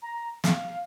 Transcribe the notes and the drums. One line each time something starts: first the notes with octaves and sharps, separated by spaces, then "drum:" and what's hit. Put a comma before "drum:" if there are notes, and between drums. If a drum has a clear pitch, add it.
A#5
F5, drum: snare